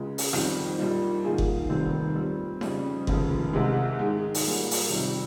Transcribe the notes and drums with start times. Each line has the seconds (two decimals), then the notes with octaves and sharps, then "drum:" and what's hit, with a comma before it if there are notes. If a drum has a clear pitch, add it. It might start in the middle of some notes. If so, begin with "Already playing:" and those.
Already playing: C#2 C#3 G#3
0.18 drum: open hi-hat
0.33 F2 D#3 G3 C4, drum: rim click
0.78 A#1 A#2 G3 A#3 D#4
1.24 G#2 D#3 A#3 F4 G#4
1.38 drum: kick F#1
1.69 F1 D#2 D#3 G3 C4
2.15 A#2 G3 C4
2.61 F2 C#3 G3, drum: snare D#4
3.07 F1 D#2 C#3 F3, drum: kick F#1
3.53 C2 C3 D#3 G#3 D#4
3.99 G#2 D#3 G#3
4.34 drum: open hi-hat
4.44 G#2 G3 A#3 F4 G#4
4.71 drum: open hi-hat
4.90 F2 C3 D#3 G3